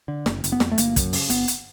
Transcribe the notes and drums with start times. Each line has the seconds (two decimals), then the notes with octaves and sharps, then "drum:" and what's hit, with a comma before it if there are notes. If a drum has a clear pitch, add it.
0.08 D3
0.26 F#1, drum: snare
0.44 F#1, drum: hi-hat
0.52 B3
0.60 F2, drum: snare
0.72 A3
0.78 G1 A#3, drum: hi-hat
0.96 F#2, drum: kick, hi-hat
1.13 C#3, drum: open hi-hat
1.30 G1 B3, drum: hi-hat
1.48 drum: hi-hat